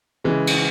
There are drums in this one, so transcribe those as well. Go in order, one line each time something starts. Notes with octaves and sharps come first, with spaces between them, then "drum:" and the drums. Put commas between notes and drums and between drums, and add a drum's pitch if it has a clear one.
C#3 E3 G#3
drum: cymbal